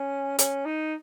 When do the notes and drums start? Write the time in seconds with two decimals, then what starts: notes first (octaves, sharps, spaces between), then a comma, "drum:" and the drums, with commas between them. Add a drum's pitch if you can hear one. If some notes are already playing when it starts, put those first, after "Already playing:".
Already playing: C#4
0.39 C#4, drum: hi-hat
0.66 D#4